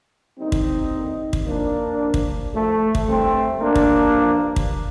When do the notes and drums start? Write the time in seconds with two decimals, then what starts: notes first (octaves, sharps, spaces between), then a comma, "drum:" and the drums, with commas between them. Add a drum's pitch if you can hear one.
0.38 D#2 D3 G3 C4 D#4
0.52 drum: kick
0.93 D#2 D3 G3
1.33 drum: kick
1.46 A#1 A#2 F3 A#3 D4
2.00 C2 A#2 F3
2.14 drum: kick
2.54 D2 D3 F3 A3
2.95 drum: kick
3.08 A1 G2 D3 G3 A3 C4
3.61 D2 C3 G3 A#3 D4
3.76 drum: kick
4.15 G2 F3
4.56 drum: kick